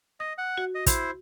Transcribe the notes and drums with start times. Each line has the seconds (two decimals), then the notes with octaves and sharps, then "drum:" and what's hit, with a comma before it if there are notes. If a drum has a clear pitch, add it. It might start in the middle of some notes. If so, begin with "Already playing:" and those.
0.20 D#5 D#6
0.38 F#5
0.58 F#4
0.75 D#5
0.86 E4 C5, drum: kick, hi-hat